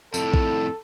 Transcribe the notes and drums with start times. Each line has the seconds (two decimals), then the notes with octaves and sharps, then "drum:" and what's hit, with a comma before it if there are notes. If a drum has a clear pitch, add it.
0.14 F2 A2 A4, drum: tambourine
0.34 drum: kick A#1